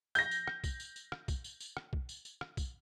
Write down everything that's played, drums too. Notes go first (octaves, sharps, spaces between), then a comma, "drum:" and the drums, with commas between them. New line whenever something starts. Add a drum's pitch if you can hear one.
G6 A#6, drum: tambourine
drum: tambourine
drum: rim click
drum: kick B1, tambourine
drum: tambourine
drum: tambourine
drum: rim click
drum: kick B1, tambourine
drum: tambourine
drum: tambourine
drum: rim click
drum: kick B1
drum: tambourine
drum: tambourine
drum: rim click
drum: kick B1, tambourine